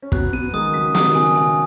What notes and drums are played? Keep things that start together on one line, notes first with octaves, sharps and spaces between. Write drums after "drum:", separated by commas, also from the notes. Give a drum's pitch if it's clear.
C#4
F#3 B3 F#6, drum: kick
F#3 B3 D#7
D#3 G#3 D#6
C#3 F#3 B6
B2 D#3 D#6, drum: snare
B2
C#3 G#5
C#3 G#5